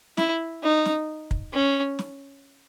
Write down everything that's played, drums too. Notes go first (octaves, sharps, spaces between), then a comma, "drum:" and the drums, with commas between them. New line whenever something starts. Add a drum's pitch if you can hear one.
E4, drum: snare
D#4
drum: snare
drum: kick
C#4
drum: snare